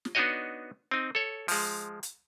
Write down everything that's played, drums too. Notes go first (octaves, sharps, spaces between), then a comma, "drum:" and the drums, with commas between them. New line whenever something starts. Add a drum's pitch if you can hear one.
drum: snare
B3 D4 D#4 F#4 C#5 D#5
C4 D#4
A4 C#5
F3 G#3, drum: open hi-hat
drum: hi-hat